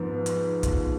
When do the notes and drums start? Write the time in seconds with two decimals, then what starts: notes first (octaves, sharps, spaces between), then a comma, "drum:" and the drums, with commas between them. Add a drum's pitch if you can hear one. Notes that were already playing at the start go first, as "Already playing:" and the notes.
Already playing: G#2 F3 B3
0.26 drum: hi-hat
0.63 drum: kick, hi-hat